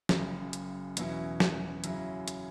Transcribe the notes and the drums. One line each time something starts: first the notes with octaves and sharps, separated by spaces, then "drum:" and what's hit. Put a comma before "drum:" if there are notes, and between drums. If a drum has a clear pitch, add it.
F#1 F#2 C#3, drum: snare
drum: hi-hat
E2 B2 F#3 C#4 E4, drum: hi-hat
drum: snare
F#2 C#3 F#3 C#4 E4, drum: hi-hat
drum: hi-hat